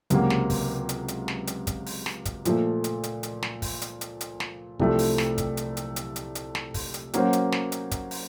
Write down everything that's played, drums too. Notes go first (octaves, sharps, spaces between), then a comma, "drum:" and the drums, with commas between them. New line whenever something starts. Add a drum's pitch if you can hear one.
C#2 C3 F#3 A#3, drum: hi-hat
drum: snare
drum: kick, open hi-hat
drum: hi-hat
drum: hi-hat
drum: snare
drum: hi-hat
drum: kick, hi-hat
drum: open hi-hat
drum: snare
drum: kick, hi-hat
A#2 F3 A3, drum: hi-hat
drum: hi-hat
drum: hi-hat
drum: hi-hat
drum: snare
drum: kick, open hi-hat
drum: hi-hat
drum: hi-hat
drum: hi-hat
drum: snare
C2 C3 F3 A3, drum: kick
drum: open hi-hat
drum: snare
drum: kick, hi-hat
drum: hi-hat
drum: hi-hat
drum: hi-hat
drum: hi-hat
drum: hi-hat
drum: snare
drum: kick, open hi-hat
drum: hi-hat
F#3 A#3 C#4 F#4 C5, drum: hi-hat
drum: hi-hat
drum: snare
drum: hi-hat
drum: kick, hi-hat
drum: open hi-hat